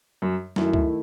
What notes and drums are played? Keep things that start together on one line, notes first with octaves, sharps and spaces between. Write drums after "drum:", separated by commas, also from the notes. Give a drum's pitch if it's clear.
F#2
F#2 D#3 A3 E4, drum: snare
drum: kick C#2